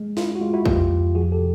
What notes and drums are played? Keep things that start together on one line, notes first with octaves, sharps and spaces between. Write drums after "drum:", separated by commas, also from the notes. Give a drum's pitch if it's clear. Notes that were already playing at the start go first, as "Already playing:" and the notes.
Already playing: G#3
E4 F4, drum: snare
F#4
G#3 F4
E4 F#4
F2 F4 G4, drum: kick
F2
F3 F#4 G#4
G4 A4
C3